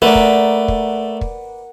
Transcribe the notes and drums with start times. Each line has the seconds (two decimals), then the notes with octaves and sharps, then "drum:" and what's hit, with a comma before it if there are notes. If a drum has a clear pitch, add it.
0.02 A3 A#4 B4 D5 F#5
0.15 drum: kick
0.68 drum: kick
1.21 drum: kick